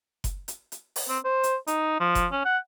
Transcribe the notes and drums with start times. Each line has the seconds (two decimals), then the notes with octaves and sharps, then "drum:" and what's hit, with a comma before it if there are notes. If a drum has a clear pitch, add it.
0.24 drum: kick F#1, hi-hat
0.48 drum: hi-hat
0.72 drum: hi-hat
0.96 drum: open hi-hat
1.09 C4
1.25 C5
1.43 drum: hi-hat
1.67 D#4, drum: hi-hat
2.00 F3
2.15 drum: kick F#1, hi-hat
2.32 C#4
2.45 F#5